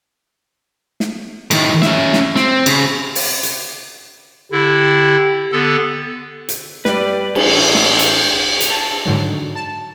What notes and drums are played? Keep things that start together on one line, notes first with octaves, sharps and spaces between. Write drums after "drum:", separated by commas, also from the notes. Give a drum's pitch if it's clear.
drum: snare
A2 D#3, drum: cymbal
C#4 E5, drum: snare
drum: snare
C4, drum: snare
C#3, drum: cymbal
drum: open hi-hat
drum: hi-hat
D3 E4 G4
D3 B3 A4
drum: hi-hat
G3 B4 D5, drum: snare
drum: cymbal
A1
drum: snare
drum: hi-hat
drum: hi-hat
A5
G#2 D3 D#3 F#3
A5